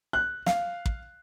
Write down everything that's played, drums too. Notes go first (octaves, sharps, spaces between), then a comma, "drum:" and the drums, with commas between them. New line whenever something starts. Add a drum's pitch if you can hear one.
F#6
F5, drum: snare
drum: kick